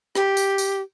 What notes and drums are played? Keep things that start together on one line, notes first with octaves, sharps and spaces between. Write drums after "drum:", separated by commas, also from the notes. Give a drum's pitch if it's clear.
G4, drum: rim click
drum: tambourine
drum: tambourine